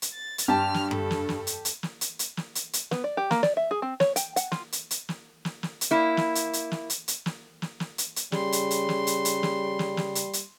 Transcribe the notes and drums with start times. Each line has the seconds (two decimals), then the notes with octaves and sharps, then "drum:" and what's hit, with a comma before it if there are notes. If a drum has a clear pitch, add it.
0.02 drum: hi-hat
0.13 A6
0.38 drum: hi-hat
0.48 G2 G4 A5 F6
0.74 drum: snare
0.91 A4, drum: tom F#2
1.11 drum: snare
1.29 drum: snare
1.47 drum: hi-hat
1.65 drum: hi-hat
1.83 drum: snare
2.01 drum: hi-hat
2.19 drum: hi-hat
2.37 drum: snare
2.55 drum: hi-hat
2.73 drum: hi-hat
2.91 B3, drum: snare
3.04 D5
3.17 G4
3.31 A#3, drum: snare
3.43 D5, drum: snare
3.57 E5
3.71 G#4
3.82 C4
4.00 C#5, drum: snare
4.16 G5, drum: hi-hat
4.36 F#5, drum: hi-hat
4.52 F4, drum: snare
4.72 drum: hi-hat
4.91 drum: hi-hat
5.09 drum: snare
5.45 drum: snare
5.63 drum: snare
5.81 drum: hi-hat
5.91 A#3 E4
6.17 drum: snare
6.35 drum: hi-hat
6.53 drum: hi-hat
6.71 drum: snare
6.90 drum: hi-hat
7.08 drum: hi-hat
7.26 drum: snare
7.62 drum: snare
7.80 drum: snare
7.98 drum: hi-hat
8.16 drum: hi-hat
8.32 C#3 G3 C6, drum: snare
8.52 drum: hi-hat
8.71 drum: hi-hat
8.89 drum: snare
9.07 drum: hi-hat
9.25 drum: hi-hat
9.43 drum: snare
9.79 drum: snare
9.97 drum: snare
10.15 drum: hi-hat
10.33 drum: hi-hat